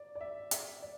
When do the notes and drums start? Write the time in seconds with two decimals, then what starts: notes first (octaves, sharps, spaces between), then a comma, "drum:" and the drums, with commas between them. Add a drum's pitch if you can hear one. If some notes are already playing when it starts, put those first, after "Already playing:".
Already playing: D5
0.15 D5
0.21 E5
0.51 E5, drum: hi-hat
0.83 D5